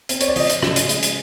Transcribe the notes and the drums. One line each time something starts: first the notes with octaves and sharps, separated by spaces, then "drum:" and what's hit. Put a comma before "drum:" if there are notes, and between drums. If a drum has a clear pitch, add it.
C4, drum: hi-hat
C#5, drum: hi-hat
D5
F3 D#5, drum: open hi-hat
drum: hi-hat
C#3, drum: rim click
drum: hi-hat
G#3, drum: hi-hat
drum: hi-hat